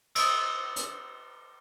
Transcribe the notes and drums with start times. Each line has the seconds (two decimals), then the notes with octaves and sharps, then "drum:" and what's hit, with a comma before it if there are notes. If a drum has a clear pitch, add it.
0.15 D#6 E6, drum: cymbal
0.76 drum: hi-hat